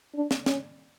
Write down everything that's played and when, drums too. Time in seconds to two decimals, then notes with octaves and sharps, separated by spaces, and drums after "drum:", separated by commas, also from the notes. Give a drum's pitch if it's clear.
0.15 D4
0.31 drum: snare
0.46 C#4, drum: snare